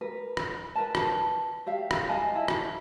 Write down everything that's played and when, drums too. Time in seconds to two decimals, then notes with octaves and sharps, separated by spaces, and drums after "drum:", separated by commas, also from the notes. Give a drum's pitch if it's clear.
0.01 A#4 B4
0.37 drum: rim click
0.76 A#4 B4 A5
0.95 drum: rim click
1.66 G4 E5 F5
1.91 drum: rim click
2.09 D#5 F5 G#5 A5
2.35 E4
2.48 drum: rim click